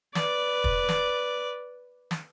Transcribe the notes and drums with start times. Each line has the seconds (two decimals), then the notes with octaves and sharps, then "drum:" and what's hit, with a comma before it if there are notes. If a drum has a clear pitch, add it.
0.15 B4 D5, drum: snare
0.64 drum: kick
0.89 drum: snare
2.11 drum: snare